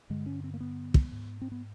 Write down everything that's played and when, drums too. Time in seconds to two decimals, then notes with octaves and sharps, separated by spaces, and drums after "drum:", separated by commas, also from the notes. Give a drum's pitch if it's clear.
0.10 G2 D3 G#3
0.26 C#4
0.44 C4
0.54 A#3
0.60 B3
0.94 drum: kick
1.12 G#2
1.42 C4
1.52 B3